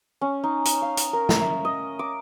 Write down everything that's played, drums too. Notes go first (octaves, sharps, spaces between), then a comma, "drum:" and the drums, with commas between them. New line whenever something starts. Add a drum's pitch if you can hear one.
C#4
D#4
drum: hi-hat
F5
drum: hi-hat
A#4
drum: snare
E5
D#5
D6